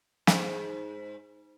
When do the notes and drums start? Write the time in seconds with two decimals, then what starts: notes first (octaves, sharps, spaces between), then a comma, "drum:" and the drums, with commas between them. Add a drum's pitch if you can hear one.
0.27 G#2, drum: snare